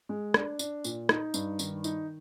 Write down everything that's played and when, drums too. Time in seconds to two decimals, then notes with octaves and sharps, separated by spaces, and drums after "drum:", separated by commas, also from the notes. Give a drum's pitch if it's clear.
0.09 G#3
0.34 D4, drum: rim click
0.59 D4, drum: tambourine
0.84 A#2, drum: tambourine
1.09 D#4, drum: rim click
1.34 G2, drum: tambourine
1.59 D#3, drum: tambourine
1.84 D#4, drum: tambourine